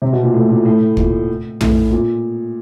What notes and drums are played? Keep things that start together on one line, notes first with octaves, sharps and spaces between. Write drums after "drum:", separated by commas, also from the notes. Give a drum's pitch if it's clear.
C3
B2
A#2
A2
A#2
A2
A#2, drum: kick
A2, drum: tom
A#2